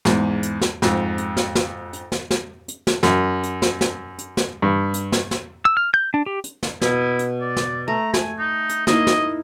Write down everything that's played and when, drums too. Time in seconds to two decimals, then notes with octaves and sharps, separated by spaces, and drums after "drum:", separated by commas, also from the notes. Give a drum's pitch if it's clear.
0.05 E2 G#2, drum: snare
0.43 drum: hi-hat
0.61 drum: snare
0.82 F2 G#2, drum: snare
1.18 drum: hi-hat
1.37 drum: snare
1.55 drum: snare
1.93 drum: hi-hat
2.12 drum: snare
2.31 drum: snare
2.68 drum: hi-hat
2.87 drum: snare
3.03 F#2, drum: snare
3.43 drum: hi-hat
3.62 drum: snare
3.81 drum: snare
4.18 drum: hi-hat
4.37 drum: snare
4.62 G2
4.94 drum: hi-hat
5.12 drum: snare
5.31 drum: snare
5.65 E6
5.77 F6
5.94 G6
6.14 D4
6.26 G4
6.44 drum: hi-hat
6.63 drum: snare
6.81 B2 E4, drum: snare
7.19 drum: hi-hat
7.41 D5
7.57 drum: snare
7.88 A3 A#5
8.14 G#5, drum: snare
8.39 D#4
8.69 drum: hi-hat
8.87 A#3 D#4 E4 D#5, drum: snare
9.07 drum: snare